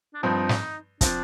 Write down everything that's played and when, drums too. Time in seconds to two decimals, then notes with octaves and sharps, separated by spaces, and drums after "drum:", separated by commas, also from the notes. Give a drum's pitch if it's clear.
0.14 D4
0.23 G2 F3 C4 D#4
0.49 drum: snare
1.01 F3 C4 D4, drum: kick, hi-hat